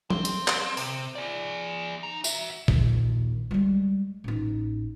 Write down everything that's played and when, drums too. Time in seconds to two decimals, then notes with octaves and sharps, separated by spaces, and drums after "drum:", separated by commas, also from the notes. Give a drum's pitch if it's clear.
0.10 C4, drum: tom F3
0.25 drum: hi-hat
0.48 drum: clap
0.77 C3, drum: open hi-hat
1.15 G#4 D5
2.03 D#4
2.24 F#4 E5, drum: tambourine
2.68 A#1 D#2, drum: kick
3.51 G3 G#3
4.24 A1 D#4